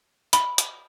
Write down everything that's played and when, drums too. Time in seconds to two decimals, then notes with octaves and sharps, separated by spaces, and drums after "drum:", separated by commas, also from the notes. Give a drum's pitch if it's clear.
0.33 B5, drum: hi-hat
0.58 drum: hi-hat